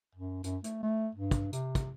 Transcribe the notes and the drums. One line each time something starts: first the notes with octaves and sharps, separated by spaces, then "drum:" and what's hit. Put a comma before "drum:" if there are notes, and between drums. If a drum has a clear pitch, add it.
F#2
F#2, drum: hi-hat
A3, drum: hi-hat
A3
G2
drum: kick, hi-hat
C3, drum: hi-hat
drum: kick, hi-hat